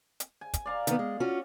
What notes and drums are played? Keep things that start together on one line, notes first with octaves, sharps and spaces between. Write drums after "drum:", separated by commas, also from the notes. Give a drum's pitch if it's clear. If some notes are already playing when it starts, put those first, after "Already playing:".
drum: hi-hat
G#5
drum: kick, hi-hat
D5 F5 A#5
D#3 B3, drum: hi-hat
G#3
C#4 F4 F#4